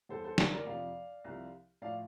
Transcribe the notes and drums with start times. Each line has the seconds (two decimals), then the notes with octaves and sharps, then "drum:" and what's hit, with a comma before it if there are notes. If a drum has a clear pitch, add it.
0.09 E2 E3 G3 A4 C5
0.24 A4 C5
0.38 A#4 D5, drum: snare
0.53 A#4 D5
0.67 F2 C3 F3 D5 F5
1.25 C2 C3 F3
1.82 A2 F3 D5 F5